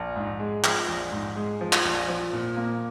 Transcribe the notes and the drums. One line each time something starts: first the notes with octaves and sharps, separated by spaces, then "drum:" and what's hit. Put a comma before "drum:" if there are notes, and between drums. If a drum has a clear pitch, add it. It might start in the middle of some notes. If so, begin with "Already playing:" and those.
Already playing: A#1
G#2
G#3
F3, drum: clap
A#1
G#2
G#3
F3
drum: clap
A#1
F3
A#2
A#3